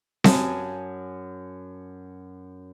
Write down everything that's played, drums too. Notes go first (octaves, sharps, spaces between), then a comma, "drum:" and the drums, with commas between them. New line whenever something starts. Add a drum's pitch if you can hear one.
F#2 G#5 A5 D#6, drum: snare C4